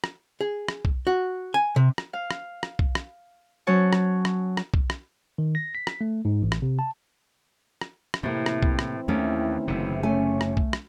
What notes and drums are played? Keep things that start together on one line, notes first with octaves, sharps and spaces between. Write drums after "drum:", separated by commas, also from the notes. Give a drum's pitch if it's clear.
drum: rim click
G#4
drum: rim click
drum: kick B1
F#4
G#5
C3
drum: rim click
F5
drum: rim click
drum: rim click
drum: kick B1
drum: rim click
F#3 C#4 C#5 A5
drum: rim click
drum: rim click
drum: rim click
drum: kick B1
drum: rim click
D#3
A#6
B6
drum: rim click
A3
G#2
A1
drum: rim click
C3
A5
drum: rim click
drum: rim click
A2 C3 E3 A#3 C4 E4
drum: rim click
drum: kick B1
drum: rim click
D#2 D#3 A3 C#4
F#1 C3
A3 C#4 A4 G#5
drum: rim click
drum: kick B1
drum: rim click